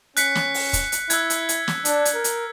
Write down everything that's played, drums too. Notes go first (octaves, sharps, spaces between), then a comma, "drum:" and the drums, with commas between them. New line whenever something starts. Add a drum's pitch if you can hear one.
C#4 F#6 B6 C#7, drum: hi-hat
drum: snare
drum: open hi-hat
drum: kick, hi-hat
drum: hi-hat
E4 E6 F#6 G#6, drum: hi-hat
drum: hi-hat
drum: hi-hat
drum: snare
D4, drum: hi-hat
drum: hi-hat
A#4
drum: hi-hat